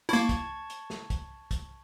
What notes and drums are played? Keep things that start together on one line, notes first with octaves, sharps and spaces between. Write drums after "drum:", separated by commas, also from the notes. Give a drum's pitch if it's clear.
A#3 E4 A5 C#6 G#6
drum: kick, hi-hat
drum: hi-hat
drum: snare
drum: kick, hi-hat
drum: kick, hi-hat